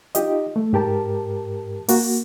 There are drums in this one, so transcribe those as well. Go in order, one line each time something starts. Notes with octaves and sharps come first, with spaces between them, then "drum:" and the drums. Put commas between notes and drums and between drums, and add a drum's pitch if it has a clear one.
D#4 F4 G4 D#5, drum: hi-hat
A3
G#2 G4 A#4 A5
A#3 F#4, drum: open hi-hat